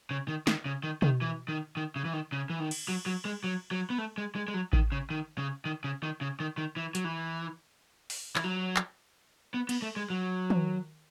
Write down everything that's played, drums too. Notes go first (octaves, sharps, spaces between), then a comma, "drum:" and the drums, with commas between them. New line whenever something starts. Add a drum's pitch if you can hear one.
C#3
D#3
D#3, drum: snare
C#3
D#3
D#3, drum: tom B2
E3
D#3
D#3
C#3
E3
D#3
C#3
E3
D#3
drum: cymbal
F#3
F#3
G#3
F#3
F#3
B3
A3
G#3
G#3
G#3
F#3
D#3, drum: kick A1
C#3
D#3
C#3
D#3
C#3
D#3
C#3
D#3
D#3
E3
F#3, drum: hi-hat
E3
drum: open hi-hat
E3, drum: clap
F#3
drum: clap
B3
B3, drum: cymbal
A3
G#3
F#3
drum: tom